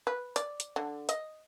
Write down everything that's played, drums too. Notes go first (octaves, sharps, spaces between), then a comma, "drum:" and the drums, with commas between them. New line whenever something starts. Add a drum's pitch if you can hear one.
B4
D5, drum: hi-hat
drum: hi-hat
D3
D#5, drum: hi-hat